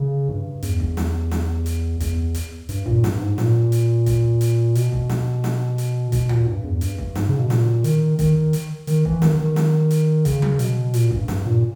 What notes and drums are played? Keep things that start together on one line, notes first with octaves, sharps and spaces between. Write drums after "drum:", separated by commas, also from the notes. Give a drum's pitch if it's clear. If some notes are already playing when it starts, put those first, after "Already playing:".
Already playing: C#3
G2
E2, drum: hi-hat
drum: kick
drum: snare
drum: snare
drum: hi-hat
E2, drum: kick, hi-hat
drum: hi-hat
G2, drum: hi-hat
A#2, drum: kick
G2, drum: snare
G#2
A#2, drum: snare
drum: hi-hat
drum: kick, hi-hat
drum: hi-hat
B2, drum: hi-hat
drum: kick
drum: snare
drum: snare
drum: hi-hat
B2, drum: kick, hi-hat
A#2, drum: tom D2
G2
E2
G2, drum: hi-hat
drum: kick
G#2, drum: snare
C#3
B2
A#2, drum: snare
D#3, drum: hi-hat
D#3, drum: kick, hi-hat
drum: hi-hat
D#3, drum: hi-hat
E3, drum: kick
D#3, drum: snare
D#3
drum: snare
drum: hi-hat
C#3, drum: kick, hi-hat
drum: tom F#3
B2, drum: hi-hat
A#2, drum: hi-hat
G2, drum: kick
G2, drum: snare
A#2